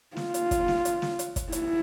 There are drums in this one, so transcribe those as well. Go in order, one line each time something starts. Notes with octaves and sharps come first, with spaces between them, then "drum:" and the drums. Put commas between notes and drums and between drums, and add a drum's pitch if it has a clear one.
F4, drum: snare
drum: hi-hat
drum: kick, hi-hat
drum: snare
drum: hi-hat
drum: snare
drum: hi-hat
drum: kick, hi-hat
E4, drum: hi-hat